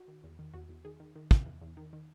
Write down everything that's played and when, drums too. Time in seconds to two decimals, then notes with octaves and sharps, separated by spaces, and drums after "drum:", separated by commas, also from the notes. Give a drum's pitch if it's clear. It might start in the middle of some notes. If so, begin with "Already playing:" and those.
Already playing: F#4
0.08 D#3
0.23 E2
0.39 D#3
0.54 E2 F#4
0.69 E2
0.85 D#3 G#4
1.00 D#3
1.16 D#3
1.31 D#3, drum: kick
1.46 E2
1.61 E2
1.77 D#3
1.93 D#3